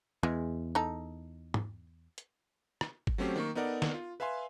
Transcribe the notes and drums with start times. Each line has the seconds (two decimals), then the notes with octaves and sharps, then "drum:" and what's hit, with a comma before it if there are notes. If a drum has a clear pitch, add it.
0.23 E2 G#3
0.75 D#4 A4
1.54 drum: tom
2.18 drum: hi-hat
2.81 drum: rim click
3.07 drum: kick G1
3.18 F#3 A3 C4 C#4 G4 C5
3.36 D#3 A#3 C#6
3.55 B3 D#4 A4 A#4 D5 F#5
3.82 drum: snare
3.94 F4
4.20 B4 E5 F5 G#5 C6